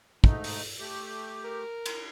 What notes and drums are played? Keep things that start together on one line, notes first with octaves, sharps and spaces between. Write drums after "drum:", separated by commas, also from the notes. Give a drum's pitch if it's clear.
G#2 A3 D#4, drum: kick
drum: open hi-hat
A3 G4
A#4
drum: cymbal